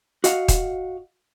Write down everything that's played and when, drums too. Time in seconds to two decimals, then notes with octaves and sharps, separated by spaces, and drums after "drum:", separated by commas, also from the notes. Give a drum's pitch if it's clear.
0.24 F#4 D#5 F5 F#5, drum: hi-hat
0.48 drum: kick D#1, hi-hat